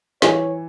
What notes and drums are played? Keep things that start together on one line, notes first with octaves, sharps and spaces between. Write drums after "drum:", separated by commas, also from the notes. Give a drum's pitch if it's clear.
E3 C#5, drum: snare